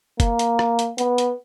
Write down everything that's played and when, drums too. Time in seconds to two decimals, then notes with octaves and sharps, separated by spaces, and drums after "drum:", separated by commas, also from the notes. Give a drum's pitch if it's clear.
0.20 A#3, drum: kick F#1, hi-hat
0.39 drum: hi-hat
0.59 drum: rim click
0.79 drum: hi-hat
0.98 B3, drum: hi-hat
1.18 drum: hi-hat